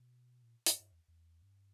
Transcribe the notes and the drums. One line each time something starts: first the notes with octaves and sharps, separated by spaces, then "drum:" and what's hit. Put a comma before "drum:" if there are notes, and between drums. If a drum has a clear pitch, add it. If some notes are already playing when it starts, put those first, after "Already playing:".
Already playing: B2
A#2
G2, drum: hi-hat
G2
E2
E2
G2